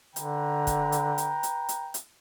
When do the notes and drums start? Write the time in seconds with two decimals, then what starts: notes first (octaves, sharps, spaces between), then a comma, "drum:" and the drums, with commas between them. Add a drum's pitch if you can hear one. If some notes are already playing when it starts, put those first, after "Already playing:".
0.16 D3 B4 G5 A#5, drum: hi-hat
0.67 drum: kick, hi-hat
0.92 drum: hi-hat
1.18 drum: hi-hat
1.43 drum: hi-hat
1.69 drum: hi-hat
1.94 drum: hi-hat